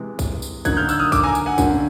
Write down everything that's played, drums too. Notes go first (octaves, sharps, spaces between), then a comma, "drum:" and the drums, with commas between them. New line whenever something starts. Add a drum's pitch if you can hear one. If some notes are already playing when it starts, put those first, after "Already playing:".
Already playing: C3 E3 G#3
drum: kick, tambourine
drum: tambourine
D3 F#3 A#3 D#4 F#6 G#6, drum: kick, tambourine
F6 G6
E6 F#6, drum: tambourine
D#6 F6
D6 E6, drum: kick, tambourine
G#5 A#5
drum: tambourine
F#5 G#5
D3 F#3 A#3 C#4, drum: kick, tambourine